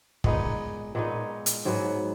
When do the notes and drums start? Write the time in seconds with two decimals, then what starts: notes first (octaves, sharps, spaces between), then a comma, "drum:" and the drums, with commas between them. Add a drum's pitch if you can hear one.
0.24 A#2 G#3 B3 D#4, drum: kick
0.95 A#2 G#3 B3 D#4
1.46 drum: hi-hat
1.65 G#2 F#3 B3